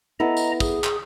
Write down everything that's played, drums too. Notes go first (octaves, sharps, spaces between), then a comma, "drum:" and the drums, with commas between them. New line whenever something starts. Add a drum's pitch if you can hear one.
B3 E4 A4 D#5 A#5
drum: tambourine
G#4, drum: kick, tambourine
drum: clap